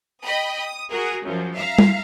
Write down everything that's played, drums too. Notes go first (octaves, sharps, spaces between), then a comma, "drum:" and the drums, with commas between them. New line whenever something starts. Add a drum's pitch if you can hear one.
D#5 G5 B5 D#6
D#6
F#4 G#4 A#4
F#2 F3
E5 F5 A#5
drum: tom G3